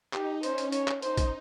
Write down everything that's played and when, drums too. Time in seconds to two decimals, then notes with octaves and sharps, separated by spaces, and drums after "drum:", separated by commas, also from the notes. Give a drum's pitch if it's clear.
0.13 D#4 G4, drum: clap
0.43 C#4 C5, drum: hi-hat
0.58 drum: hi-hat
0.72 C#5, drum: hi-hat
0.88 drum: clap
1.02 D#4 C5, drum: hi-hat
1.17 drum: kick, hi-hat